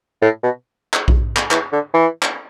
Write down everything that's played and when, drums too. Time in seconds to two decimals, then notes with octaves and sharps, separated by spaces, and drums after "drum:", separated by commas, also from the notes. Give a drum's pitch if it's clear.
0.22 A2
0.43 B2
0.94 drum: clap
1.08 drum: kick A#1
1.37 drum: clap
1.51 E3, drum: clap
1.72 D3
1.94 E3
2.23 drum: clap